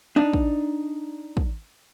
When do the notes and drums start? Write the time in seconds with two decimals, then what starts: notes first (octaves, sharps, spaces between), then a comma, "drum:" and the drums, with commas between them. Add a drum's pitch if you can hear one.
0.16 D4 D#4
0.33 drum: kick
1.37 drum: kick